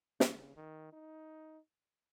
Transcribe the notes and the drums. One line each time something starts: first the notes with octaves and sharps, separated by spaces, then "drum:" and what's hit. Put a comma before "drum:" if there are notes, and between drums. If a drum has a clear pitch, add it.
C#3, drum: snare
D#3
D#4